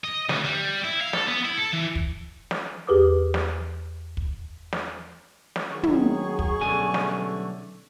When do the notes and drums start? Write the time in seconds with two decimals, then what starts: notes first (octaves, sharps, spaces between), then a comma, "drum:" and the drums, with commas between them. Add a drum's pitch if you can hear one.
0.04 D#5
0.29 D2, drum: snare
0.44 G3
0.84 E4
1.01 F5
1.13 A4, drum: snare
1.28 B3
1.45 E4
1.57 A4
1.73 E3
1.95 drum: kick
2.51 drum: snare
2.87 E2 G4 G#4 B4 D6 D#6
3.34 drum: snare
4.17 drum: kick
4.73 drum: snare
5.56 drum: snare
5.71 D#3 F#3 G#4 C#6
5.83 drum: tom
6.39 drum: kick
6.61 B1 D3 G3 A3 C#4 G#5
6.94 drum: snare